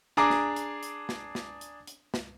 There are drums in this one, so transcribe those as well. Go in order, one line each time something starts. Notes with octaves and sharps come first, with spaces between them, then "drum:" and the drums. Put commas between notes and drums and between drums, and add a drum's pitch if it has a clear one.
D4 G#4 A#5 D6
drum: snare
drum: hi-hat
drum: hi-hat
drum: snare
drum: snare
drum: hi-hat
drum: hi-hat
drum: snare